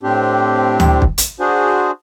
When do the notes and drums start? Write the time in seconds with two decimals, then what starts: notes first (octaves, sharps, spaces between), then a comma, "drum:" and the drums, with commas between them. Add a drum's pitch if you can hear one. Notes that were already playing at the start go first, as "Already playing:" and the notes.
0.03 A2 C4 D4 G4
0.80 drum: tom D2
1.02 drum: kick
1.18 drum: hi-hat
1.40 D4 F#4 G#4 C5